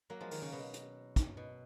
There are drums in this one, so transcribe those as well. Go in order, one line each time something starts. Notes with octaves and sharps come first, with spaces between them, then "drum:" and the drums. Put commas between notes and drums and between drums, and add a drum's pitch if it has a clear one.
F#3 A#3
F3 G#3
D#3 F#3, drum: open hi-hat
C#3
B2
drum: hi-hat
drum: kick, hi-hat
B2